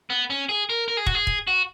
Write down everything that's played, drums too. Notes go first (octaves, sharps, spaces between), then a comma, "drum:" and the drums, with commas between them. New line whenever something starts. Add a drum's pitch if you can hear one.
B3
C#4
G#4
A#4
A#4
G#4
F#4, drum: kick
G#4
drum: kick
F#4